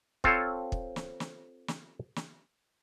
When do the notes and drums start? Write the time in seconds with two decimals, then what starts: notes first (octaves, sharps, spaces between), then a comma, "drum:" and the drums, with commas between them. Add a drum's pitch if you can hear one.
0.24 C4 F4 A4 C5 C#5, drum: kick
0.72 drum: kick
0.96 drum: snare
1.20 drum: snare
1.68 drum: snare
2.16 drum: snare